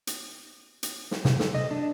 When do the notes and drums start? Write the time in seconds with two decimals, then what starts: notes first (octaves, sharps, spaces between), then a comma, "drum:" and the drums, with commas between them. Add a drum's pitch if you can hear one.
0.07 drum: hi-hat
0.83 drum: hi-hat
1.11 drum: snare
1.25 C3, drum: snare
1.40 A4, drum: snare
1.55 D#5
1.71 D4